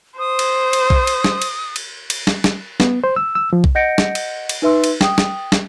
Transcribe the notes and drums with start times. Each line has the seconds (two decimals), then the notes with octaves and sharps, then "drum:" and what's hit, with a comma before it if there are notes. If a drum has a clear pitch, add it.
0.19 C5 D#6
0.39 drum: cymbal
0.73 drum: cymbal
0.90 drum: kick B1
1.07 drum: cymbal
1.24 drum: snare
1.42 drum: cymbal
1.76 drum: cymbal
2.10 drum: cymbal
2.27 drum: snare
2.44 drum: snare
2.80 B3, drum: snare
3.04 C5
3.16 E6
3.35 E6
3.53 F3
3.64 drum: kick B1
3.75 D#5 F#5 G6 A#6 C#7 D7
3.98 drum: snare
4.15 drum: cymbal
4.49 drum: cymbal
4.62 D#4 B4 E5 C6 E6
4.84 drum: cymbal
5.01 G5 D#6, drum: snare
5.18 drum: snare
5.52 drum: snare